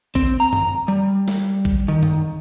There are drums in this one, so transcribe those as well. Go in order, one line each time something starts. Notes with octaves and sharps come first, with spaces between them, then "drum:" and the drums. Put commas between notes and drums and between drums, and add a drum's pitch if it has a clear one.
C4, drum: kick A1
A#5
drum: tom F#2
G3
drum: snare
drum: kick A1
D#3
drum: tom F#2